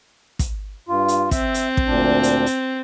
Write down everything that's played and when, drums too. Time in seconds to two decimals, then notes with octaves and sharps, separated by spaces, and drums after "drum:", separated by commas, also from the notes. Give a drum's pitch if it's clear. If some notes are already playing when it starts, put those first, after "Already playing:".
0.39 drum: kick, hi-hat
0.88 G2 F4
1.08 drum: hi-hat
1.31 C4 E5, drum: kick, hi-hat
1.54 drum: hi-hat
1.77 drum: kick
1.87 D2 A#2 D4
2.23 drum: hi-hat
2.46 drum: hi-hat